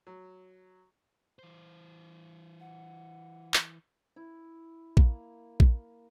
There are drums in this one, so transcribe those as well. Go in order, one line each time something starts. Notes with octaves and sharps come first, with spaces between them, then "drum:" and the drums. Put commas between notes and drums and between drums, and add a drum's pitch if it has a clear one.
F#3
E3 C5
F#5
drum: clap
E4
A#3, drum: kick A#1
drum: kick A#1